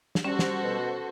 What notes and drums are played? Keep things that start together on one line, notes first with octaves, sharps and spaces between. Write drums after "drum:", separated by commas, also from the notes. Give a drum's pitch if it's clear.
drum: snare
G3 C#4 F#4 A4 C5
drum: snare
B2